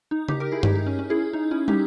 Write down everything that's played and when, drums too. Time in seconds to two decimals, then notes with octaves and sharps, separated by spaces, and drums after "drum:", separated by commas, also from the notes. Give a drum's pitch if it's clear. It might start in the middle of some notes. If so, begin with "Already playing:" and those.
0.11 D#4
0.28 D#4 G4, drum: tom C#3
0.40 G4 A#4
0.52 E4 G#4
0.63 D#4 G4, drum: tom G2
0.75 D#4
0.86 C#4
0.99 C#4
1.10 E4 G#4
1.33 D#4
1.51 C#4 E4
1.68 D#4 G4, drum: tom